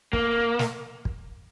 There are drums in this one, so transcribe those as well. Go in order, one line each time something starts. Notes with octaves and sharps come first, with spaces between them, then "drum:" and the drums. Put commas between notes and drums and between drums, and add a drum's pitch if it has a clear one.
A#3, drum: kick
drum: snare
drum: kick